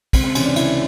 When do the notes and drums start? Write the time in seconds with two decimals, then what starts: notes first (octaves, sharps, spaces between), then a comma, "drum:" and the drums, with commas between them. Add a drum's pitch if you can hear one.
0.13 C#2 C4, drum: kick, cymbal
0.24 C4
0.35 C3 E3 C#4, drum: cymbal
0.45 D4
0.56 C#2 E4, drum: cymbal